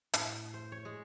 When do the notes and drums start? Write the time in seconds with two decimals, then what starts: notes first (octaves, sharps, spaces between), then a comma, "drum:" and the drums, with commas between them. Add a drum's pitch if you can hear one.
0.13 A2, drum: hi-hat
0.54 C5
0.72 C#5
0.85 G#3